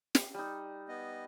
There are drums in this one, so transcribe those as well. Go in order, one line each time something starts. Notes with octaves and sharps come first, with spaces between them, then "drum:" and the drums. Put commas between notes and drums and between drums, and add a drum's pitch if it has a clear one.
drum: snare
G3 D#4
B3 D#5